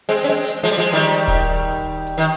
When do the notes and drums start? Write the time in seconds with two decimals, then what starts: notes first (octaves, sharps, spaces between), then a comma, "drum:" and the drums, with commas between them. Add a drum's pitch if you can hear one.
0.09 G#3 C4
0.24 C#4
0.29 G#3 C4
0.49 drum: hi-hat
0.63 F3 G#3
0.71 G3
0.78 F3 G#3
0.93 D#3 G3
1.28 drum: kick D#1, hi-hat
2.07 drum: hi-hat
2.17 D#3